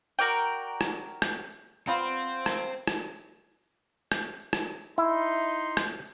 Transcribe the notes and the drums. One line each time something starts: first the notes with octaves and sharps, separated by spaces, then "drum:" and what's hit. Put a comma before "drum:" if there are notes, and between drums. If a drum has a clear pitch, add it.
F#4 A#4 D5 G5
drum: rim click
drum: rim click
G3 B3 C4 F4
drum: rim click
drum: rim click
drum: rim click
drum: rim click
D#4 E4 C6
drum: rim click